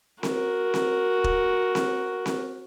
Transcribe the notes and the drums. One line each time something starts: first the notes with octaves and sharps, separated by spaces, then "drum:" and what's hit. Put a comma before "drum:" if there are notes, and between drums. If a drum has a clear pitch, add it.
F#4 A#4, drum: snare C4
drum: snare C4
drum: kick
drum: snare C4
drum: snare C4